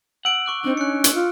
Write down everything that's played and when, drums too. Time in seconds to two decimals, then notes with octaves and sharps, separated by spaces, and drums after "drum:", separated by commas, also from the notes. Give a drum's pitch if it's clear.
0.25 F#5 E6 D7
0.46 C#6 D6 F#6
0.64 C4 D4 D#4
0.77 C#4 F#6 C#7
1.04 drum: hi-hat
1.14 F4